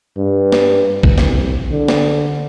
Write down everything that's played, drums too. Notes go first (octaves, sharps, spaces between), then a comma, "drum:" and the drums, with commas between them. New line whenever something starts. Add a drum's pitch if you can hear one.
G2
drum: snare
drum: kick
C2, drum: snare
D3
drum: snare